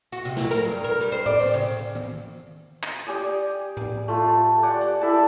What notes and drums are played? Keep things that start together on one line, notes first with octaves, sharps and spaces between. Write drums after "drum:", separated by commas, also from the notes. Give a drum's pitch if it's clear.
F#4, drum: hi-hat
C3
F#3, drum: snare
A#4
G2
A#4
G3
C5
D5, drum: tom A2
C4, drum: open hi-hat
C#3
drum: tom D#3
drum: clap
G4 D5 G#5 D#6
drum: tom A2
A3 F4
G4 D5 F#5 G#5
drum: hi-hat
E4 A4 D5 A5